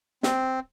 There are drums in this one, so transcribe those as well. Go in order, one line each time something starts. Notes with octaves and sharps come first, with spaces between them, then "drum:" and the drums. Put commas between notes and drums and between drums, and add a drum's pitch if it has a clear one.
C4, drum: snare